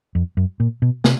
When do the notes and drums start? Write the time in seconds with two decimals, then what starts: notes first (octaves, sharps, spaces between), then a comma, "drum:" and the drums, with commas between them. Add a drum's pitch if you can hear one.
0.15 F2
0.37 F#2
0.60 A#2
0.82 B2
1.04 C3, drum: snare